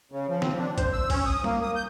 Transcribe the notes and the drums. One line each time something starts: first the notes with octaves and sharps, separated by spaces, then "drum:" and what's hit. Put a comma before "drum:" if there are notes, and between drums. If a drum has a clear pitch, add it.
C#3
F3
C4, drum: snare
D4
C5, drum: kick, hi-hat
E6
C#4, drum: kick, open hi-hat
D#6
A#3, drum: tom G3
D#6
G6